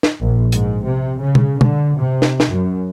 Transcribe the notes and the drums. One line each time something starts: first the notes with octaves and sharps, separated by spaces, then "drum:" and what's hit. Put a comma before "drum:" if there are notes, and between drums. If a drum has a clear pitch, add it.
drum: snare
A#1
G#2, drum: hi-hat
C3
C#3
drum: tom B2
D3, drum: tom B2
C3
drum: snare
drum: snare
F#2